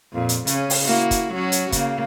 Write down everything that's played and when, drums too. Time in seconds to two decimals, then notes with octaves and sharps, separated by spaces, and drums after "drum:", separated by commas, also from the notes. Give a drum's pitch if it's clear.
0.13 F2 A#2
0.29 drum: hi-hat
0.47 C#3 C#4, drum: hi-hat
0.70 drum: open hi-hat
0.85 A#3 E4 F#4
1.11 drum: kick, hi-hat
1.34 F#3 C#4 F#4
1.52 drum: hi-hat
1.72 C#3 A#3, drum: kick, hi-hat